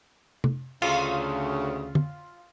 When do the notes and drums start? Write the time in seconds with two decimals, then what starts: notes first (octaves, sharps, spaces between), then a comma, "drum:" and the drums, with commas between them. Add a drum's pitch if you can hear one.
0.44 drum: tom C3
0.82 D2 C#3 F4, drum: cymbal
1.95 drum: tom